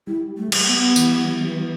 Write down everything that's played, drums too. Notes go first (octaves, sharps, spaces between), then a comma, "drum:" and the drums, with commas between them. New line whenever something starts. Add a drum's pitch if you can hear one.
G3 E4
A3
G3, drum: cymbal
B3
E3, drum: tambourine
B3